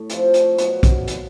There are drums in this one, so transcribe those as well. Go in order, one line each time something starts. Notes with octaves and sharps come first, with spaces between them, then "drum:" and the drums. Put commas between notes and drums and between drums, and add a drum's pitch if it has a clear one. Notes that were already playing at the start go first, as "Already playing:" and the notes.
Already playing: A2 C#5
C3 F3, drum: hi-hat
drum: hi-hat
B2 F#3 B4, drum: hi-hat
drum: kick, hi-hat
drum: hi-hat